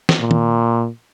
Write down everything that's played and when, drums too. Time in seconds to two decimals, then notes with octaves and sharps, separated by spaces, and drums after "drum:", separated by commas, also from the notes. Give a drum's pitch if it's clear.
0.09 drum: snare
0.20 A#2
0.31 drum: tom D#3